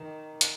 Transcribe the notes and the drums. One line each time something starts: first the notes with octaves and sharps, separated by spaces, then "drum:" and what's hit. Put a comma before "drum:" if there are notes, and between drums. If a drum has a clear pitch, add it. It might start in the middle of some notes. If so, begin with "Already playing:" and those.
Already playing: D#3
drum: hi-hat